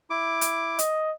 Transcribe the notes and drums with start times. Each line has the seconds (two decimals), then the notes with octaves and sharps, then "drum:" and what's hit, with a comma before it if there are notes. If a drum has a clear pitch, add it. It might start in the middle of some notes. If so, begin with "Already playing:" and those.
0.10 E4 D6
0.41 drum: hi-hat
0.79 D#5, drum: hi-hat